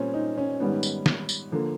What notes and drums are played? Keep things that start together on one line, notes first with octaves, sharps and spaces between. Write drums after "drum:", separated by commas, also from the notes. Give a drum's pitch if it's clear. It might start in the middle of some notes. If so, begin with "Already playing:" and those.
Already playing: A#2 G3 A#3 C4 C#4
D#4
C#4
G#2 D#3 G3 B3
drum: tambourine
drum: snare
drum: tambourine
D3 F3 A#3